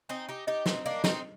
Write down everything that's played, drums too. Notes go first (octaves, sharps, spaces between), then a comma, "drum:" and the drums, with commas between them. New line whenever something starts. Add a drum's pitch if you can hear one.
C4 D#4 G#5
D#4 G4
D#4 G4 D#5
C4 D#4, drum: snare
A#3 D4 D#5
C4 D#4, drum: snare